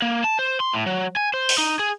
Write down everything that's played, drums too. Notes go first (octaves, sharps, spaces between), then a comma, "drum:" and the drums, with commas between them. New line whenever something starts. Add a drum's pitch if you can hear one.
A#3
A5
C5
C6
A2
F#3
G#5
C5
drum: open hi-hat
D#4
G#4